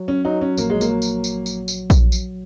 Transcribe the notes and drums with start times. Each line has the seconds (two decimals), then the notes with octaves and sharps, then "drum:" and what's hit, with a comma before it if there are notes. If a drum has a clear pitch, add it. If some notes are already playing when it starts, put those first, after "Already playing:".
Already playing: F#3
0.08 C#4
0.25 F#3 D#4
0.41 C#4
0.57 A#1 A#3, drum: tambourine
0.70 G#3
0.81 A#3, drum: tambourine
0.90 F#3
1.02 drum: tambourine
1.24 drum: tambourine
1.46 drum: tambourine
1.68 drum: tambourine
1.90 drum: kick A#1, tambourine
2.12 drum: tambourine